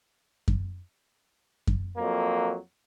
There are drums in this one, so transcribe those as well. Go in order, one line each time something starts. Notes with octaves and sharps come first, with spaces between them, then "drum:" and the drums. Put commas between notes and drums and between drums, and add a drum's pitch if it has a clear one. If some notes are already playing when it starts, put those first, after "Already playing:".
drum: kick F#2
drum: kick F#2
F2 F#3 A#3